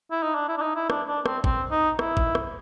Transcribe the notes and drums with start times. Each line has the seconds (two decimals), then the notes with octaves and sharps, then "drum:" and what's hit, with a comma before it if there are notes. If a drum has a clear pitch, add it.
0.11 E4
0.23 D#4
0.35 D4
0.48 E4
0.58 D4
0.61 D#4
0.76 E4
0.90 D4, drum: rim click
1.08 D4
1.26 C4, drum: rim click
1.44 C4, drum: kick
1.71 D#4
1.99 E4, drum: rim click
2.17 drum: kick
2.35 drum: rim click